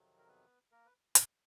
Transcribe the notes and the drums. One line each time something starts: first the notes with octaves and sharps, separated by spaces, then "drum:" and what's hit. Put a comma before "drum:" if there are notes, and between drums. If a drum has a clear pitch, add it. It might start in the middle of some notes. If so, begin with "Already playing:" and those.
Already playing: F2 C3 D#3 F#3
A#4
B3 B4
A#3 A#4
B4
drum: hi-hat